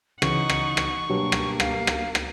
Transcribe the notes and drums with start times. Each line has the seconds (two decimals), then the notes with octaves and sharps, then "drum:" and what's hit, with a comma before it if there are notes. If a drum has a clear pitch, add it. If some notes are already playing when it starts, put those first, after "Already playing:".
0.22 C#3 E3 D#4 F#5 C#6, drum: rim click
0.49 drum: rim click
0.77 drum: rim click
1.10 G2 B2 F#3 A#3 A#4
1.32 drum: rim click
1.60 F5, drum: rim click
1.87 drum: rim click
2.15 drum: rim click